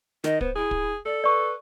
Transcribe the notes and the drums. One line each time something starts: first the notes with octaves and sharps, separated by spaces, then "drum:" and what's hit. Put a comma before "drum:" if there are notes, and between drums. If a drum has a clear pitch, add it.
D#3 D#5, drum: snare
B3 C5, drum: kick
E4 G#4
drum: kick
A4 D5
B4 D5 C#6